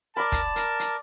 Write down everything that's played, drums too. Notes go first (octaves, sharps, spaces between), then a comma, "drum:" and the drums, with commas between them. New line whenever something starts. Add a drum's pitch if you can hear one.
A#4 D5 A5 B5 D6
drum: kick, hi-hat
A#4, drum: hi-hat
drum: hi-hat